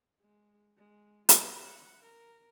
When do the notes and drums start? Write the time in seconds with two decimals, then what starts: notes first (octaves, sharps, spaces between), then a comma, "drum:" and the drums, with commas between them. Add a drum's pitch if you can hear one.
0.20 G#3
0.77 G#3
1.29 F4, drum: hi-hat
1.62 F#5
2.02 A#4